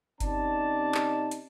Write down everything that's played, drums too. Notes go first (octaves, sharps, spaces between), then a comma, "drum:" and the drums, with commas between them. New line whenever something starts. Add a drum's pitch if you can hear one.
C3 C#4 D#4 D5 A5, drum: kick G1, hi-hat
drum: clap
drum: hi-hat